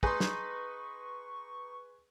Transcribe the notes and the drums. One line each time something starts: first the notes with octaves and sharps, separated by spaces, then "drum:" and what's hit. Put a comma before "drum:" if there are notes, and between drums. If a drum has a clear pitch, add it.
D#4 G#4 B4 C6 C#6, drum: kick
drum: snare